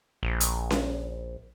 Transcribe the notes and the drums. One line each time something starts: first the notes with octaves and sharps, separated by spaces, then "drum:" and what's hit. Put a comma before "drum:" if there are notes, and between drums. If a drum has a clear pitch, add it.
A#1
drum: hi-hat
drum: snare C#4